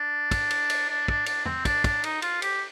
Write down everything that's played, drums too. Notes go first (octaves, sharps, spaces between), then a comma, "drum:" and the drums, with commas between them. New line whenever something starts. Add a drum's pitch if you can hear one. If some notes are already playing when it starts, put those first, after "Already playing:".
Already playing: D4
drum: kick, cymbal
drum: cymbal
drum: cymbal
D4
D4, drum: kick
D4, drum: cymbal
C4, drum: tom
D4, drum: kick, cymbal
D4, drum: kick, cymbal
D#4, drum: cymbal
F4, drum: cymbal
G4, drum: cymbal